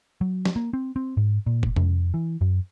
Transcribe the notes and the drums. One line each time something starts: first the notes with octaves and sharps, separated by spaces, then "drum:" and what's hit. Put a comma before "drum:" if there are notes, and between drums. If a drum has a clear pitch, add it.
F#3
drum: snare
A#3
C4
C4
G#2
A#2
drum: kick
F2, drum: tom
E3
F#2